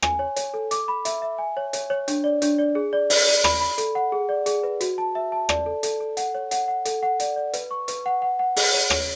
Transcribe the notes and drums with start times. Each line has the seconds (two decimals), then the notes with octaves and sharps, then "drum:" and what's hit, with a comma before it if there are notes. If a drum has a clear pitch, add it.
0.02 G#5, drum: rim click
0.19 C#5
0.36 C#5, drum: hi-hat
0.54 A4
0.71 D6, drum: hi-hat
0.88 B5
1.05 E5, drum: hi-hat
1.22 E5
1.38 G#5
1.57 C#5
1.73 C#5, drum: hi-hat
1.90 C#5
2.08 D4, drum: hi-hat
2.24 D5
2.42 D4, drum: hi-hat
2.58 D5
2.75 G#4
2.93 D5
3.10 D5, drum: open hi-hat
3.27 D5
3.44 B5, drum: rim click
3.60 B5
3.78 A4, drum: hi-hat
3.95 F#5
4.12 G#4
4.29 D5
4.46 G#4, drum: hi-hat
4.63 B4
4.81 F#4, drum: hi-hat
4.98 A5
5.15 E5
5.32 A5
5.49 D5, drum: rim click
5.66 A4
5.83 A4, drum: hi-hat
6.00 A4
6.17 F#5, drum: hi-hat
6.35 C#5
6.51 F#5, drum: hi-hat
6.68 F#5
6.85 A4, drum: hi-hat
7.03 F#5
7.20 D5, drum: hi-hat
7.36 D5
7.53 B4, drum: hi-hat
7.71 C#6
7.88 B4, drum: hi-hat
8.06 F#5
8.22 F#5
8.39 F#5
8.56 G#4, drum: open hi-hat
8.73 C#5
8.90 C#5, drum: rim click